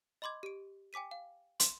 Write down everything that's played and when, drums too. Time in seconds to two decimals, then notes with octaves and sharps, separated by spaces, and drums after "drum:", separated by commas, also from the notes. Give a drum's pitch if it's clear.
0.22 D#5 B5 C6 D6 G#6
0.43 G4 D7
0.93 G5 G#5 D6 B6 D#7
1.11 F5
1.60 C6, drum: hi-hat